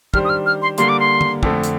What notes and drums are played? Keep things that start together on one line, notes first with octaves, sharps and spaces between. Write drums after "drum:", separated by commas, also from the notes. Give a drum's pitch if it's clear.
D#3 G3 D4 G4 C5 F6, drum: kick
D#6
F6
F6
C6
D3 G3 A#3 C6, drum: hi-hat
D6
C6
drum: tom D3
F2 D3 A3, drum: kick
drum: hi-hat